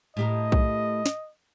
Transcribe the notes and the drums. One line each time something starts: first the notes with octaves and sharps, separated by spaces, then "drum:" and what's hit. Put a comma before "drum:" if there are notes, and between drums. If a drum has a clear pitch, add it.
A2 G4 A#4 D#5
drum: kick B1
drum: snare